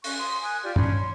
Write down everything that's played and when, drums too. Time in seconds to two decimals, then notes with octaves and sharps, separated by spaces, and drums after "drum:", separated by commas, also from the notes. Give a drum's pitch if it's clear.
0.04 C#4 C#6 F#6, drum: open hi-hat
0.17 C6 D#6
0.42 G#5 D#6 F#6
0.63 F4 G4 D5
0.76 C#4 D4 B5 C6, drum: tom
0.92 C#5 C6